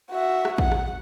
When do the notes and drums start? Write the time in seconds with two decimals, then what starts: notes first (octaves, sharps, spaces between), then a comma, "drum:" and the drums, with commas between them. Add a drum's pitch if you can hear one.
0.11 F#4 E5
0.45 drum: rim click
0.58 F#5, drum: kick
0.72 drum: rim click